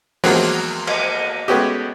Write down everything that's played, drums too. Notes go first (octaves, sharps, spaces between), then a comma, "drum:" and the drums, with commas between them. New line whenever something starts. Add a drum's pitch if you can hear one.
E2 F3 F#3 G#3 A#3 C4, drum: open hi-hat
drum: cymbal
G#3 A3 B3 C#4 F#4 G4